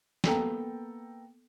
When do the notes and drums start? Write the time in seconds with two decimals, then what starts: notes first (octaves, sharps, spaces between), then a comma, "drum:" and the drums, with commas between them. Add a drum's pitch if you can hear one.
0.24 A#3 B3 A4 G5 A#5, drum: snare